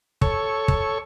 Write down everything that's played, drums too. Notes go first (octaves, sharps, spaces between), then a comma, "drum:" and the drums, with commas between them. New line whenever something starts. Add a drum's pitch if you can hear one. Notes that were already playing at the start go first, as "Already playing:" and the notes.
A4 C#5 C#6, drum: kick
drum: kick